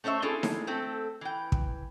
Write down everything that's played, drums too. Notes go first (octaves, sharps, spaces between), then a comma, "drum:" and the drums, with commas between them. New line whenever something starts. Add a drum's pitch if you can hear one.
A3 C#4 C5 C#5 E5
C4 D4 E4 F4 G#4 A4
drum: snare D#4
A3 C4 A4
E3 G5
drum: kick